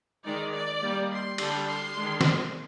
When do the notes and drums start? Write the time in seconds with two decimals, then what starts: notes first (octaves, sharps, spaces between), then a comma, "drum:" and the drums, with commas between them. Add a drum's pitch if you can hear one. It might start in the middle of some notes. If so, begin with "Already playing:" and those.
0.25 D#3 G#3 D#4 D5
0.54 D5
0.83 G3 A#3 D#4
1.11 C6
1.38 D3 G3 D4, drum: cymbal
1.67 C6
1.96 D#3 G#3 D4
2.21 drum: snare